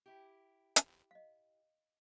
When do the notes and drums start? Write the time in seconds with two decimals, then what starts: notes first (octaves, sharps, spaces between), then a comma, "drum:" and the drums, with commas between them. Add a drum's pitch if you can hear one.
0.06 E4 G4
0.76 drum: hi-hat
1.11 D#5 F5